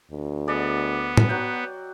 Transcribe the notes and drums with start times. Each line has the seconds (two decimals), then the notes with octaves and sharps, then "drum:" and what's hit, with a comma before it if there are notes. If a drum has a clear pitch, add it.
0.11 D2
0.48 B3 G#4 D5 D#5
1.17 drum: tom
1.29 F#3 F#5 G5